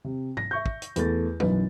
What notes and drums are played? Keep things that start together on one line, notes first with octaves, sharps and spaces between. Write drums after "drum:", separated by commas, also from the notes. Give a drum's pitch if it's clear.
C3
A#6, drum: tom G#2
E5 C#6 G6
drum: kick
drum: hi-hat
E2 A3 A6, drum: hi-hat
B1 F#2 E3 B4, drum: tom G3